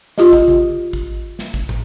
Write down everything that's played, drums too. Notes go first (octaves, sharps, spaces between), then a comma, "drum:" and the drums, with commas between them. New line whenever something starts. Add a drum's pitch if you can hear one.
F4 G4 D#5, drum: snare
drum: kick
drum: tom C#3
drum: kick
drum: snare
drum: kick
drum: tom